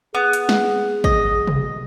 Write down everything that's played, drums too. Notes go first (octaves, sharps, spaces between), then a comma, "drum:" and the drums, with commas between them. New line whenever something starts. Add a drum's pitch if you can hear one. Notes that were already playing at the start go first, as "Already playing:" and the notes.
B3 G#4
drum: hi-hat
drum: snare
D#5, drum: kick
drum: tom